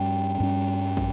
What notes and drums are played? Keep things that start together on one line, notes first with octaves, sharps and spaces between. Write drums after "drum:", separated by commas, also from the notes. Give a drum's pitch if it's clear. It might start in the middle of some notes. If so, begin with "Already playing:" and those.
Already playing: G2 G3 C#4 G5
G2 G3 C#4
drum: kick